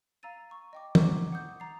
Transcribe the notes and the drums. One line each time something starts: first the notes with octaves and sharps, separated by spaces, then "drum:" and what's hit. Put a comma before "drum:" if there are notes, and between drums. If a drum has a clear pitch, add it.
F5 A#5 E6 A6 D#7
A#5 C#6
D#5 G5 D6
F#5 G#5 A#5 C#6 D6, drum: tom
F#5 D6 D#6 G6
A#5 A6 C7